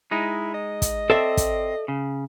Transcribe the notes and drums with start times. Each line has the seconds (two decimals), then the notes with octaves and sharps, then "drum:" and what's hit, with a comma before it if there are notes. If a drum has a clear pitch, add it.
0.11 G#3 D#4 E4
0.54 D#5
0.82 drum: kick, hi-hat
1.10 C4 A4 D5 E5
1.37 drum: kick, hi-hat
1.88 C#3